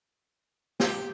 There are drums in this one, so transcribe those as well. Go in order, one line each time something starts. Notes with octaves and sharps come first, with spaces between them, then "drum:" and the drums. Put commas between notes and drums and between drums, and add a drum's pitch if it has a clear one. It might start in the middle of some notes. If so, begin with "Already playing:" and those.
G4, drum: snare